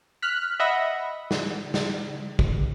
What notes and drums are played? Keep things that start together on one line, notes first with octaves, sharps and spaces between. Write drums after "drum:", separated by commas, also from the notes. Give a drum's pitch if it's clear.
F6 F#6 B6
D#5 E5 F#5 B5 A#6
drum: snare
drum: snare
drum: kick